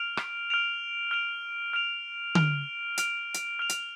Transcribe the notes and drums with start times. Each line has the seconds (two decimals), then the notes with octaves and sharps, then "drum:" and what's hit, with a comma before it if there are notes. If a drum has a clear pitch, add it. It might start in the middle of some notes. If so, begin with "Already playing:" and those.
Already playing: F6 D7 F7
0.17 drum: rim click
0.50 F6 D7 F7
1.11 F6 D7 F7
1.73 F6 D7 F7
2.35 F6 D7 F7, drum: tom D3
2.98 F6 D7 F7, drum: hi-hat
3.34 drum: hi-hat
3.59 F6 D7 F7
3.69 drum: hi-hat